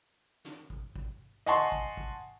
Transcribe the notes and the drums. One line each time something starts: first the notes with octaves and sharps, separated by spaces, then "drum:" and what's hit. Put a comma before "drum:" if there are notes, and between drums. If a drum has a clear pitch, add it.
drum: snare
drum: kick
drum: kick
D#5 F#5 G#5 A5 C6 C#6, drum: snare
drum: kick
drum: kick